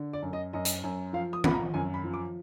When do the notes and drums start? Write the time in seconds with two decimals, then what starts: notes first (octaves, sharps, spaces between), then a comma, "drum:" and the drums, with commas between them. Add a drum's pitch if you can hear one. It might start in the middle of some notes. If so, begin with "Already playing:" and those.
Already playing: D3
0.13 D5
0.23 F#2
0.33 D#5
0.53 F#2 D#5
0.65 drum: hi-hat
0.84 F#2
1.13 F3 F5
1.33 D#6
1.44 F3 B5, drum: tom D#3
1.54 A#5
1.74 F#2 G#5
1.94 B5
2.04 F3
2.14 D6